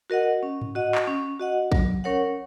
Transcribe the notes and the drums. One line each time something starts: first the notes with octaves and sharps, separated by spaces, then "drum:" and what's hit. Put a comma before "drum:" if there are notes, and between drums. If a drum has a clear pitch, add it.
F#4 A#4 D#5 F#5
C#4
drum: tom G#2
F#4 D#5 F#5
drum: clap
C#4
F#4 D#5 F#5
F#3, drum: kick A#1
C#4 A#4 C#5 F#5